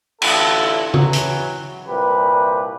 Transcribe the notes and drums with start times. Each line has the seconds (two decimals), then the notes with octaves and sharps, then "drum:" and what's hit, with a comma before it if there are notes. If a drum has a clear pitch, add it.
0.22 A1 D3 E4 F4 A4, drum: cymbal
0.94 E2 E3 F#3, drum: tom
1.13 drum: hi-hat
1.87 C2 A#2 G4 B4